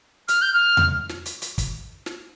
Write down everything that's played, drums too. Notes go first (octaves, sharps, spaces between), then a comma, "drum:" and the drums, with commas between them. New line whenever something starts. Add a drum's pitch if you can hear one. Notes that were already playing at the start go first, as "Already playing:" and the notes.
F6, drum: hi-hat
G6
F6
drum: tom E2
drum: snare
drum: hi-hat
drum: hi-hat
drum: kick, hi-hat
drum: snare